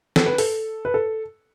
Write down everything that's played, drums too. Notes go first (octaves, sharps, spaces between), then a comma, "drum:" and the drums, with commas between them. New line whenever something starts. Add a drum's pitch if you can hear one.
A4, drum: snare
B4
A4, drum: open hi-hat
B4
A4